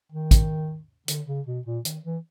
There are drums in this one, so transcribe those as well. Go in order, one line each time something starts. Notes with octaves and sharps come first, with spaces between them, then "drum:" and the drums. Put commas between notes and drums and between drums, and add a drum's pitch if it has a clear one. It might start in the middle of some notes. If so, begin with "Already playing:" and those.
D#3
drum: kick, hi-hat
D3, drum: hi-hat
C#3
B2
A#2
D#3, drum: hi-hat
E3